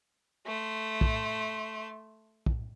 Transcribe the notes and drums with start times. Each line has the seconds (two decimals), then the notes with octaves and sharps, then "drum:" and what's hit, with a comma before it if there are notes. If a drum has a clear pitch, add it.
0.47 A3 C6
1.01 drum: kick
2.46 drum: kick